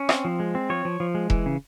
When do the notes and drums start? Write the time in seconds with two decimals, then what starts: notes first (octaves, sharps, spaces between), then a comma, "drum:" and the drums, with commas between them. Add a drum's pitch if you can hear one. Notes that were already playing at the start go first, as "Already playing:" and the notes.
Already playing: C#4
0.09 C4, drum: rim click
0.25 F3
0.40 G#3
0.55 C4
0.70 F3 C#5
0.85 F3
1.00 F3
1.15 G#3
1.30 E3, drum: kick E1
1.46 C#3